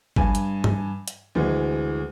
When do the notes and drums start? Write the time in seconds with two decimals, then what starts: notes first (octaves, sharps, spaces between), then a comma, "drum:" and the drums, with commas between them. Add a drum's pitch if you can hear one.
0.16 G2 G#5, drum: kick
0.35 drum: hi-hat
0.64 drum: tom G2
1.08 drum: hi-hat
1.35 D2 E3 G#3